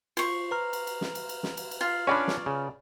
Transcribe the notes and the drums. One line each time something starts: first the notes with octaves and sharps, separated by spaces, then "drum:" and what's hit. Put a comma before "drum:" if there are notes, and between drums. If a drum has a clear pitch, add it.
F4 C5 C#6, drum: cymbal
B4 A#5 F6
drum: cymbal
drum: cymbal
drum: snare
drum: cymbal
drum: cymbal
drum: snare
drum: cymbal
drum: cymbal
F4
C#4 D4 C#5 D5 B5
drum: snare
C#3